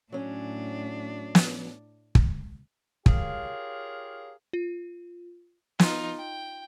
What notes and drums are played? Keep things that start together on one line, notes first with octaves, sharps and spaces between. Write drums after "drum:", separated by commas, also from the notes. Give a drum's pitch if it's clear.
A2 F#3 C#4 D4
drum: snare
drum: kick
F4 G4 G#4 A#4 C#5 F5, drum: kick
F4
D#4 F4, drum: snare
G5